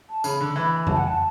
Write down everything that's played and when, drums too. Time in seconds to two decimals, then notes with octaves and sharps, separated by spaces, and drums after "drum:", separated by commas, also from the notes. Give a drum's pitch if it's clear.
0.09 A5
0.24 C#3 B5, drum: tambourine
0.40 D3
0.56 E3
0.87 A5, drum: tom F2
0.97 F#5
1.07 A5